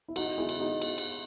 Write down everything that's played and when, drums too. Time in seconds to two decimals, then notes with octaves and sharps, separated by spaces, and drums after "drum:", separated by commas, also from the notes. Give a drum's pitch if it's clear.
0.08 E4
0.16 D#4 F#4, drum: cymbal
0.38 E4 G#4
0.49 drum: cymbal
0.60 D#4 F#4
0.82 drum: cymbal
0.98 drum: cymbal